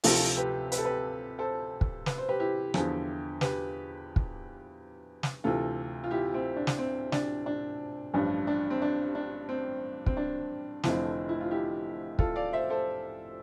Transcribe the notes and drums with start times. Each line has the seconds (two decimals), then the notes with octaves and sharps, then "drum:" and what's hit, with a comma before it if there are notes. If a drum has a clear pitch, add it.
0.04 D2 C3 F3 F4 A4, drum: open hi-hat
0.37 G4 B4
0.72 B4, drum: hi-hat
0.78 A4
0.85 G4 B4
1.39 A4 C5
1.81 drum: kick
2.06 B4, drum: snare
2.18 C5
2.29 G4 B4
2.40 E4 G4
2.74 E2 D3 F3, drum: rim click
3.41 G4 B4, drum: snare
4.16 drum: kick
5.23 drum: snare
5.44 D2 C3 E3 F4 A4
6.04 F4
6.11 E4 G4
6.33 C4 E4
6.56 D4
6.67 drum: snare
6.79 C4
7.12 D4, drum: snare
7.46 D4
8.14 A1 G2 F3 D4
8.47 D4
8.70 C4
8.82 D4
9.15 D4
9.49 C4
10.06 C4, drum: kick
10.17 D4
10.83 F1 F2 D3 F3 C4 E4, drum: snare
11.29 E4
11.41 F4
11.51 E4 G4
12.19 F4 A4, drum: kick
12.36 D5 F5
12.53 C5 E5
12.70 A4 C5